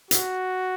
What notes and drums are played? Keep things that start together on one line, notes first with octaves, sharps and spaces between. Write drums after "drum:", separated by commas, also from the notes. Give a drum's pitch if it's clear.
F#4, drum: hi-hat